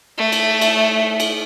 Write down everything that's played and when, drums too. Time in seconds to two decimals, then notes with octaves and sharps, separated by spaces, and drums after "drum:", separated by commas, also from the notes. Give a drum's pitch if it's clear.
0.18 A3
0.32 drum: cymbal
0.61 drum: cymbal
1.20 drum: cymbal